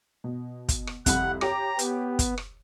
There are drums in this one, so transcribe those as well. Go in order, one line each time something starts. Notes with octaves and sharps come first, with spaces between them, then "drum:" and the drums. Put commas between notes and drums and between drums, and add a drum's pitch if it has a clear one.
B2
drum: kick, hi-hat
drum: rim click
C2 F2 F#5 B5, drum: kick, hi-hat
G4 C#5 A#5 D6, drum: rim click
B3, drum: hi-hat
drum: kick, hi-hat
drum: rim click